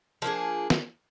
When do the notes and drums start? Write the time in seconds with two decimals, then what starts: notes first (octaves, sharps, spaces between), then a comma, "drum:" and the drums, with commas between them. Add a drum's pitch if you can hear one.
0.22 F3 A#3 D4 G#4
0.70 drum: snare